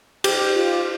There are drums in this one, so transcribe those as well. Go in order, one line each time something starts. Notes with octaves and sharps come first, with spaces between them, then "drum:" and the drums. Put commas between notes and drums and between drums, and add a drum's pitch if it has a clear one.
G4, drum: cymbal
F4